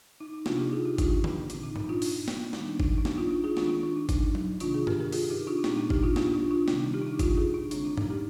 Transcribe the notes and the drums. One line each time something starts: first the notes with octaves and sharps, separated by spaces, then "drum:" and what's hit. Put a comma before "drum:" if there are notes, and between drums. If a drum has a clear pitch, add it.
D#4
D#4
C3 F3 A#3 D4 F4, drum: snare
D#4 G4
F4 G#4
D#4 G4
D4 F4, drum: kick G#1, hi-hat
drum: tom D3
A#2 F3 C4 D#4, drum: hi-hat
D#4
D#4, drum: tom G2
D4 F4
drum: open hi-hat
drum: snare
D#3 G3 A#3 D#4, drum: snare
D4
D#4, drum: kick G#1
D4
D#4, drum: snare
D4 F4
D4 F4
F4 G#4
D#3 G#3 C4 D4 F4, drum: snare
D4
D4 F4
D#4
D#4, drum: kick G#1, hi-hat
drum: tom F#3
C3 D#3 A#3 D4 F4, drum: hi-hat
F4 G#4
G4 A#4, drum: tom G2
G4 A#4
F4 G#4, drum: open hi-hat
D#4 G4
D4 F4
D#4
A#2 G#3 C4 D4, drum: snare
D#4
D#4 G4, drum: kick G#1
D4 F4
D4 F4, drum: snare
D4 F4
D4 F4
C3 D#3 G3 C4 D#4, drum: snare
D#4 G4
D4
D#4
D4 F4, drum: kick G#1, hi-hat
F4 G#4
D4
D3 G#3 C4 D4, drum: hi-hat
D#4
D#4, drum: tom G2
D#4 G4